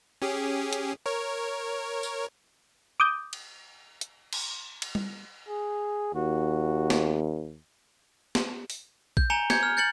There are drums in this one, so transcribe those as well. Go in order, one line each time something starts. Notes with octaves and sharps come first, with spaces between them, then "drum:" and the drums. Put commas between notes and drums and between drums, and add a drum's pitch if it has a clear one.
C#4 G4 G#4
drum: hi-hat
A#4 C#5
drum: tambourine
D6 D#6 G6
drum: cymbal
drum: hi-hat
drum: cymbal
drum: cymbal
drum: tom G3
G#4
D#2 F#4
drum: snare
drum: snare
drum: open hi-hat
G6, drum: kick A#1
G#5 A#5 C#7 F7 G7
G6 G#6 C#7, drum: snare
F6
G6 A6 C#7 F#7